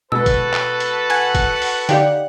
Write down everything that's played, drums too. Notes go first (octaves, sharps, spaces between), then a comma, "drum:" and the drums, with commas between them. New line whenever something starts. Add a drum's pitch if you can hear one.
B2 G#3 B3 F#4 A4 B4 E6
drum: kick, hi-hat
drum: clap
drum: hi-hat
F#5 G#5 G#6, drum: hi-hat
drum: kick, hi-hat
drum: open hi-hat
D3 D#4 G4 D5 F5 G5, drum: hi-hat